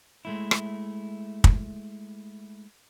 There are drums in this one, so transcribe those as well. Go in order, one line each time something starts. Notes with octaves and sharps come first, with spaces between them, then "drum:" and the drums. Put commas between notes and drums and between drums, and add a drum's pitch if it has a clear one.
G#3 A3 E4
drum: rim click
drum: kick